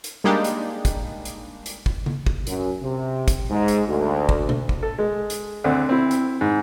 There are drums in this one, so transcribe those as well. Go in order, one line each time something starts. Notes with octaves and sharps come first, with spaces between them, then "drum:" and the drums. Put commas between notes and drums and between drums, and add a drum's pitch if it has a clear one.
drum: hi-hat
G3 G#3 A#3 D4 D#4 G4
drum: hi-hat
drum: kick, hi-hat
drum: hi-hat
drum: hi-hat
drum: kick
drum: tom C#3
drum: kick
F#2, drum: hi-hat
C3
drum: kick, hi-hat
G#2
drum: hi-hat
D2
drum: kick
drum: tom B2
drum: kick
A4
G#3
drum: hi-hat
D2 D3 C4
C4 E4
drum: hi-hat
G#2